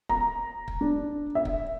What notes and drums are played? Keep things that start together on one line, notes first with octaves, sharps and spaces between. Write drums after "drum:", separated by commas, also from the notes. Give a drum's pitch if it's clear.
A#5, drum: kick
drum: kick
D4
E5
drum: kick